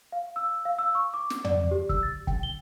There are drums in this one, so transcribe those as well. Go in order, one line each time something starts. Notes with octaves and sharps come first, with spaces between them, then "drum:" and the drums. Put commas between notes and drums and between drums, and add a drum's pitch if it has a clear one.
F5
E6
F5
E6
C#6
D6
drum: snare
D5, drum: tom
G4
E6, drum: kick
A6
G5, drum: kick
G7